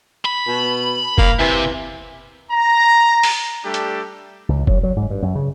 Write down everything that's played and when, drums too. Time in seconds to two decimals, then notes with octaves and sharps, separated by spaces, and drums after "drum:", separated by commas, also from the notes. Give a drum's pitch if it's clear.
0.25 B5
0.47 B2
1.18 A#3, drum: kick F1
1.39 C3 E3
2.51 A#5
3.23 drum: open hi-hat
3.65 G3 A3 D4 G4 A4
3.74 drum: hi-hat
4.49 C#2
4.67 F#3, drum: kick F1
4.83 F#3
4.96 G#2
5.10 G2
5.22 F#2
5.35 C#3